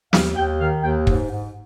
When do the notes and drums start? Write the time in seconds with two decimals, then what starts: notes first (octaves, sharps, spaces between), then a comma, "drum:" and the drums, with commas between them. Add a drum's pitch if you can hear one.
0.13 D#2 F5, drum: snare
0.36 D#2 G5
0.59 D#3 F5
0.82 D#2 G5
1.07 G#2, drum: kick
1.30 G#2